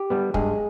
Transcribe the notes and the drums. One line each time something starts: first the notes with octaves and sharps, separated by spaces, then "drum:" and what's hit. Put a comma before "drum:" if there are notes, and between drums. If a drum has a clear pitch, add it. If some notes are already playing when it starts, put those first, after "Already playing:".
Already playing: G4
G3 B3
G2 G#3 G#4, drum: kick